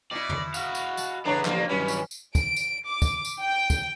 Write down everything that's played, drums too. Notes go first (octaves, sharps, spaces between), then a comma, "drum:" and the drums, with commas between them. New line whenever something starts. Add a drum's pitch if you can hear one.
B2 E4 D5
drum: tom
F#4 F5, drum: tambourine
drum: tambourine
A5, drum: tambourine
E2 A2 C#3 B3 D4 C#5 A#5
A1 D3 F3 A#3 C#4 F4 G4, drum: clap
G2 D#3 E3 F#3 C#4 A#5
drum: tambourine
drum: tambourine
D7, drum: kick, tambourine
drum: tambourine
D6
drum: kick, tambourine
drum: tambourine
G5
drum: kick, tambourine